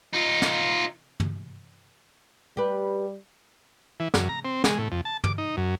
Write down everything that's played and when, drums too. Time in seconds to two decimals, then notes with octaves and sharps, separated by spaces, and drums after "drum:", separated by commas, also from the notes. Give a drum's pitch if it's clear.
0.14 D#4 F4
0.42 drum: snare
1.20 drum: tom
2.57 G3 G4 B4
4.00 E3
4.14 F#2, drum: snare
4.29 A#5
4.45 C4
4.64 G#3, drum: snare
4.78 A2
4.92 F2
5.05 A5
5.24 D6, drum: tom
5.38 D#4
5.57 F#2